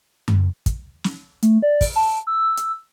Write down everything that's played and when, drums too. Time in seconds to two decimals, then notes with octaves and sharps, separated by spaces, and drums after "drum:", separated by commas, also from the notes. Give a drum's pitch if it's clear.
0.28 drum: tom F#2
0.66 drum: kick, hi-hat
1.04 drum: snare
1.43 A3, drum: hi-hat
1.62 D5
1.81 drum: kick, open hi-hat
1.96 A5
2.27 E6
2.57 drum: hi-hat